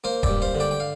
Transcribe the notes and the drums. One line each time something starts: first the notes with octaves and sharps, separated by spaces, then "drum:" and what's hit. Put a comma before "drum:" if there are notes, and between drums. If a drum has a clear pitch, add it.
A#3 C5 F5
D5 G5, drum: kick D#1
G2
C5 F5
D3
D5 G5
G5
F5